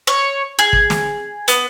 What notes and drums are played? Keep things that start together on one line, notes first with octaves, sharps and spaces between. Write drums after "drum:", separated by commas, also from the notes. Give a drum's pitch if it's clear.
C#5
G#4
drum: kick
drum: snare
B3, drum: hi-hat